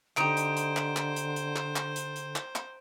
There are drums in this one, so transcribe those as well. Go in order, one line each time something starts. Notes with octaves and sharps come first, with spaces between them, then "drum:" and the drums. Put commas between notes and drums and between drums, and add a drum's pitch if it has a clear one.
D3 D#4 G4 C5 D7, drum: clap
drum: hi-hat
drum: hi-hat
drum: clap
drum: clap
drum: hi-hat
drum: hi-hat
drum: clap
drum: clap
drum: hi-hat
drum: hi-hat
drum: clap
drum: clap